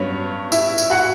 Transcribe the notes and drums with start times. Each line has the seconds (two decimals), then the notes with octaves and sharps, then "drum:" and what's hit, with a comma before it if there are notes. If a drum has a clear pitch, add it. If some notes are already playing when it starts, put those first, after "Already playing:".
Already playing: G2 F#3 B3 C#4 C#5
0.52 E4 E5, drum: tambourine
0.78 drum: tambourine
0.90 F#4 F#5